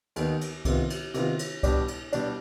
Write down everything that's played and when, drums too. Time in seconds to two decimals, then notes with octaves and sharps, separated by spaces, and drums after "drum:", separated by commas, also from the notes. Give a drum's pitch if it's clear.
0.16 D#2 D#3 B3 D#4, drum: cymbal
0.41 drum: cymbal
0.65 C3 D#3 B3 F4, drum: kick C2, cymbal
0.90 drum: cymbal
1.14 C3 D#3 B3 F4, drum: cymbal
1.39 drum: cymbal
1.63 B2 G3 D4 G4, drum: kick C2, cymbal
1.88 drum: cymbal
2.13 B2 G3 D4 G4, drum: cymbal